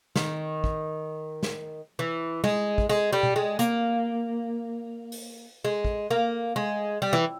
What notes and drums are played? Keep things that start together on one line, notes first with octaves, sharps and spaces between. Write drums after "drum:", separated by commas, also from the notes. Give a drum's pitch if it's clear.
D#3, drum: snare
drum: kick
drum: snare
E3
G#3, drum: tom
drum: kick
G#3
G3
drum: tom B2
G#3
A#3, drum: hi-hat
drum: open hi-hat
G#3
drum: kick
A#3
G#3
G3
E3